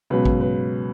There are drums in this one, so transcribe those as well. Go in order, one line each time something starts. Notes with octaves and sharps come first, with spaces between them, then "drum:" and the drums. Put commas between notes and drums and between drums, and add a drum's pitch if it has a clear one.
C#2 B2 F#3 B4
drum: kick A1
B4